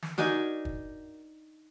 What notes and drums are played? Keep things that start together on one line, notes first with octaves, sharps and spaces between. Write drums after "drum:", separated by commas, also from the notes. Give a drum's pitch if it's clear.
drum: snare
D4 D#4 F#4 A#4 D#5 G#5, drum: snare
drum: kick